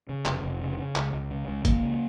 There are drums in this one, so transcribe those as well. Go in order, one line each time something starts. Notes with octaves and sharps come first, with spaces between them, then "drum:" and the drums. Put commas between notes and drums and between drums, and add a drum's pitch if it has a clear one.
C#3
F1, drum: clap
F1
C#3
C#3
C#2, drum: clap
C#2
C#3
C#2
C#2 A#3, drum: kick, hi-hat
C#3